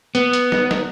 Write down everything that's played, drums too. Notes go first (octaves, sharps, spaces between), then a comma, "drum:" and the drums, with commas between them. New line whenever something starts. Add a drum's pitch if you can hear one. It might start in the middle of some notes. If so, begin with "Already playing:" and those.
B3, drum: hi-hat
drum: hi-hat
drum: snare
drum: snare